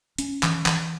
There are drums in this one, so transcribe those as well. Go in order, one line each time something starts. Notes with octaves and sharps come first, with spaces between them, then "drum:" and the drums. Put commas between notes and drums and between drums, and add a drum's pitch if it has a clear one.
C#4, drum: hi-hat
E3, drum: clap
E3, drum: clap